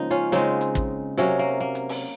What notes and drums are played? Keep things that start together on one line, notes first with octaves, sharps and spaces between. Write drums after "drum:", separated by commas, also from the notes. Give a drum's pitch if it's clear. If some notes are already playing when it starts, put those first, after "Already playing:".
Already playing: C#3 F3 G#3 A#3 D#4
C#4 F4
C#3 G#3 C4 D#4, drum: hi-hat
drum: hi-hat
drum: kick, hi-hat
C3 F#3 A#3 C#4, drum: hi-hat
A#3
A#3
drum: hi-hat
drum: open hi-hat